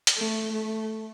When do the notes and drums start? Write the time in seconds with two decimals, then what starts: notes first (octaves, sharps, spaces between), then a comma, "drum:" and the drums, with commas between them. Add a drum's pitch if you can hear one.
0.07 drum: hi-hat
0.18 A3
0.52 A3